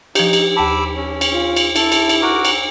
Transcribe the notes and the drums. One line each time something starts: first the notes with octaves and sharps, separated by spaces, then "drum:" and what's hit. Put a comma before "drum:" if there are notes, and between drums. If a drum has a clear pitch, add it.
F3 D#4 G4, drum: cymbal
drum: cymbal
D#2 A5 B5 D6 E6
C#4
drum: cymbal
F4
drum: cymbal
E4 A4, drum: cymbal
drum: cymbal
drum: cymbal
F#4 A#4 D6
drum: cymbal